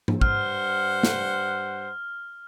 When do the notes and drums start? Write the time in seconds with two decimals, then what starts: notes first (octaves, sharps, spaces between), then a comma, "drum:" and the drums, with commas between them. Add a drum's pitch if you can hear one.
0.08 drum: tom
0.21 G2 C5 F#5 F6, drum: kick
1.03 drum: snare